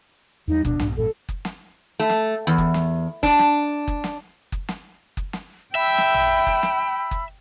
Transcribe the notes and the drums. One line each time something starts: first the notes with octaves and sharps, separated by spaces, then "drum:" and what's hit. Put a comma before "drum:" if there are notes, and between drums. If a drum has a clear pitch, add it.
E2 G3 D#4
D#1 B2 D4, drum: kick F#1
B1 G#2 B2, drum: snare
A1 G2 A#2 A4
drum: kick F#1
drum: snare
A3
drum: snare
E2
drum: kick F#1
drum: snare
D4, drum: kick F#1
drum: snare
drum: kick F#1
drum: snare
drum: kick F#1
drum: snare
drum: kick F#1
drum: snare
E5 G5 B5 E6
drum: snare
drum: tom A1
drum: kick F#1
drum: snare
drum: kick F#1